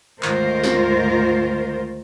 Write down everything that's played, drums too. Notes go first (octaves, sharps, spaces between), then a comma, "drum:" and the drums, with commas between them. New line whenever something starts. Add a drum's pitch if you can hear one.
D2 G#2 D#3 F4 A#4 C5, drum: clap
drum: snare